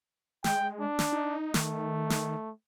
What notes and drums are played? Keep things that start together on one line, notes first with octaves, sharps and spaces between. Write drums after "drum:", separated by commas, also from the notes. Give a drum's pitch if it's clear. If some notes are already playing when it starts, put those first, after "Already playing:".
G#3 G5, drum: snare
D4
drum: snare
D#4
D#3 A3, drum: snare
drum: snare